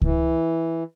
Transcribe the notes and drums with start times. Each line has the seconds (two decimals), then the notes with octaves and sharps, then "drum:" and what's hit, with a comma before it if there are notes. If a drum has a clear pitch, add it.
0.02 E3, drum: kick C#2